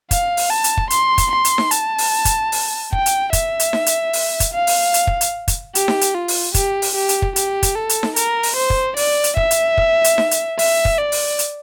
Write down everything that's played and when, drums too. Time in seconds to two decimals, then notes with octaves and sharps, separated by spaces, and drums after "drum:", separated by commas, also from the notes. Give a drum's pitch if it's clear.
0.11 F5, drum: kick, hi-hat
0.37 drum: open hi-hat
0.50 A5
0.64 drum: hi-hat
0.77 drum: kick
0.90 C6, drum: hi-hat
1.18 drum: kick, hi-hat
1.31 C6
1.45 drum: hi-hat
1.58 drum: snare D#4
1.71 A5, drum: hi-hat
1.98 drum: open hi-hat
2.25 drum: kick, hi-hat
2.52 drum: open hi-hat
2.93 G5, drum: kick
3.06 drum: hi-hat
3.33 E5, drum: kick, hi-hat
3.60 drum: hi-hat
3.73 drum: snare D#4
3.86 drum: hi-hat
4.13 drum: open hi-hat
4.40 drum: kick, hi-hat
4.53 F5
4.67 drum: open hi-hat
4.94 drum: hi-hat
5.07 drum: kick
5.21 drum: hi-hat
5.48 drum: kick, hi-hat
5.75 G4, drum: hi-hat
5.88 drum: snare D#4
6.01 drum: hi-hat
6.15 F4
6.28 drum: open hi-hat
6.54 G4, drum: kick, hi-hat
6.82 drum: open hi-hat
6.95 G4
7.09 drum: hi-hat
7.22 drum: kick
7.36 G4, drum: hi-hat
7.63 drum: kick, hi-hat
7.75 A4
7.89 drum: hi-hat
8.03 drum: snare D#4
8.16 A#4, drum: hi-hat
8.43 drum: open hi-hat
8.56 C5
8.70 drum: kick
8.97 D5, drum: open hi-hat
9.24 drum: hi-hat
9.37 E5, drum: kick
9.51 drum: hi-hat
9.78 drum: kick
10.04 drum: hi-hat
10.18 drum: snare D#4
10.31 drum: hi-hat
10.59 E5, drum: open hi-hat
10.85 drum: kick
10.98 D5
11.12 drum: open hi-hat
11.39 drum: hi-hat